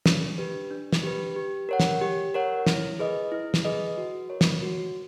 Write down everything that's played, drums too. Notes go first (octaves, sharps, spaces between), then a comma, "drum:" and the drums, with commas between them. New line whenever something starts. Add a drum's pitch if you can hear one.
D4, drum: snare
G4 B4
D4
drum: snare
G4 B4
G4
A#4 C#5 F#5
drum: snare
G4
A#4 C#5 F#5
E4, drum: snare
G#4 B4 D#5
E4
drum: snare
G#4 B4 D#5
F#4
A#4 C#5
drum: snare
F#4